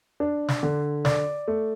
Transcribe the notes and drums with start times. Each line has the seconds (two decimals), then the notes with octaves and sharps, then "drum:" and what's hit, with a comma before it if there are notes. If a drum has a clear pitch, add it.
0.20 D4
0.48 drum: snare
0.63 D3
1.05 D5, drum: snare
1.48 A3